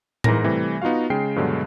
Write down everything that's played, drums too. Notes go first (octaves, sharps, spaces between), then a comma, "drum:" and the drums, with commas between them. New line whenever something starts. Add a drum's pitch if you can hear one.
G#2 E3 A#4 A#6, drum: tom A2
C3 E3 G3 A3
B3 D#4 F4 F#4 F5
C#3 G#3 G5 C7
G2 B2 D3 F#3 G#3